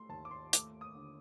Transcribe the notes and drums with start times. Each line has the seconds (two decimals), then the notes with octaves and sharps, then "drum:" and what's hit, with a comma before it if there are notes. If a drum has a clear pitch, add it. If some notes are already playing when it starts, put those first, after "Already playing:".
Already playing: A3 C6
0.09 D#2 A5
0.25 D6
0.31 C6
0.53 A3 D6, drum: hi-hat
0.81 D#6
0.95 D3